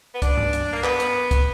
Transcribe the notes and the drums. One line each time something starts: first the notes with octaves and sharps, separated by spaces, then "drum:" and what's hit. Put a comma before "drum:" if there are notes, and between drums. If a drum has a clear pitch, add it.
B3
D4, drum: kick, hi-hat
drum: tom G2
drum: hi-hat
A#3
B3, drum: clap
drum: hi-hat
drum: kick, hi-hat